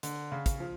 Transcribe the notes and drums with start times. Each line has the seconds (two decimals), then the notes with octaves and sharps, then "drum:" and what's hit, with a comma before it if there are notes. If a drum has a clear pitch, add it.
0.03 D3, drum: hi-hat
0.32 C#3
0.46 drum: kick, hi-hat
0.60 F3